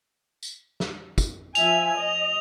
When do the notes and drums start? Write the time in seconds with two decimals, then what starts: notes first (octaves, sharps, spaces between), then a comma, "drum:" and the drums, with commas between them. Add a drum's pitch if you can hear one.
0.43 drum: tambourine
0.80 drum: snare
1.18 drum: kick, tambourine
1.55 F3 E5 G#5 F7, drum: tambourine
1.96 D#5